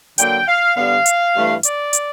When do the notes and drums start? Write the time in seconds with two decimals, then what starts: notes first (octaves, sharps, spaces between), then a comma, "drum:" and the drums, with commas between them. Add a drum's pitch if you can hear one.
0.18 D3 F#3 A#3 G5, drum: hi-hat
0.47 F5
0.76 D3 G3 B3 F5
1.06 drum: hi-hat
1.34 G2 E3 A3
1.63 D5, drum: hi-hat
1.93 drum: hi-hat